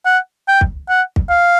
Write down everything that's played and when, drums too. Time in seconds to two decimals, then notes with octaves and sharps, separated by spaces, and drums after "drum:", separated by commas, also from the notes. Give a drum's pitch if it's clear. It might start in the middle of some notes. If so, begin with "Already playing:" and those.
0.05 F#5
0.48 G5
0.61 drum: kick
0.89 F#5
1.16 drum: kick
1.30 F5